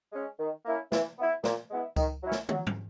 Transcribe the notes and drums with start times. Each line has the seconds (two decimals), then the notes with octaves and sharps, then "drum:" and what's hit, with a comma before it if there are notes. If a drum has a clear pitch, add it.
0.13 G#3 C#4
0.39 D#3
0.65 A#3 C#4 E4
0.92 E3, drum: snare
1.18 B3 E4
1.44 A#2, drum: snare
1.70 G#3 B3 E4
1.96 D#3, drum: kick C#2, tambourine
2.23 F#3 C#4 E4
2.32 drum: snare
2.49 F#3, drum: tom
2.67 drum: tom G#2